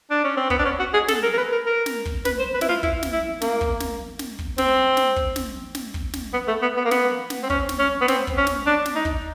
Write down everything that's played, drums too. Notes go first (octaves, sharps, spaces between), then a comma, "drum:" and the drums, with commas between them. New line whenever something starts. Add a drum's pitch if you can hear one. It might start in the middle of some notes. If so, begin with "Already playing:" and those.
D4
C#4
C4
B3, drum: kick
D4
C#4
F#4
G#4
A4, drum: snare
A#4
A#4
B4
A#4
A#4
drum: snare
drum: kick
B4, drum: snare
C5
B4
E4, drum: snare
F4
E4, drum: kick
drum: snare
E4
A#3, drum: snare
drum: kick
drum: snare
drum: snare
drum: kick
C4, drum: snare
drum: snare
drum: kick
drum: snare
drum: snare
drum: kick
drum: snare
B3
A3
B3
B3
A#3
B3, drum: snare
drum: snare
C4
C#4, drum: kick
drum: snare
C#4
B3
C4, drum: snare
drum: kick
C#4
drum: snare
D4
drum: snare
D#4
drum: kick